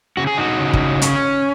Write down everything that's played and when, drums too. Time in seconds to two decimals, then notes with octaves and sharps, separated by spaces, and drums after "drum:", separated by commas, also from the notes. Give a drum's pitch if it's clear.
0.17 C#3 F#4
0.27 G#4
0.38 D#4 F#4
0.60 C#3
0.73 drum: kick
1.02 C#4, drum: hi-hat